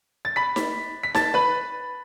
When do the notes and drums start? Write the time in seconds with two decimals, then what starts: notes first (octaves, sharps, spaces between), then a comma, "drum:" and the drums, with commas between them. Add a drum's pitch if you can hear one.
0.25 A6
0.36 B5 B6
0.56 drum: snare D#4
1.03 B6
1.15 A5 A6, drum: snare D#4
1.34 B4 B5